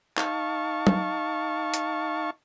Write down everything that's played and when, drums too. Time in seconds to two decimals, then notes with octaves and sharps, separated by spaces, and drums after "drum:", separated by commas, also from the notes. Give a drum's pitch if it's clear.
0.17 D#4 F5 A5 C#6, drum: clap
0.87 drum: tom
1.74 drum: hi-hat